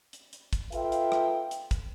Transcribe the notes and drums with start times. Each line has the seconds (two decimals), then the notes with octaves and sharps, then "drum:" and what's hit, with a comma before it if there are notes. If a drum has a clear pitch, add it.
0.13 drum: hi-hat
0.33 drum: hi-hat
0.53 drum: kick, hi-hat
0.72 F4 A4 B4 E5 F5 G5, drum: hi-hat
0.92 drum: hi-hat
1.12 drum: rim click
1.51 drum: hi-hat
1.71 drum: kick, hi-hat